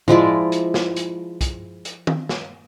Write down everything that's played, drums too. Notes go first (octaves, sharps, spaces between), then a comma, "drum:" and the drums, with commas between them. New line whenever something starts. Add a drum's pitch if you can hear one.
F3 G#3 E4 D5, drum: tom A2
drum: hi-hat
drum: snare
drum: hi-hat
drum: kick, hi-hat
drum: hi-hat
drum: tom
drum: snare